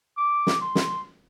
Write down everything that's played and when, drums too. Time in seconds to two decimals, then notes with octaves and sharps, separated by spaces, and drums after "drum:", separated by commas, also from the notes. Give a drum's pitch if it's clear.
0.18 D6
0.47 drum: snare
0.61 C6
0.75 drum: snare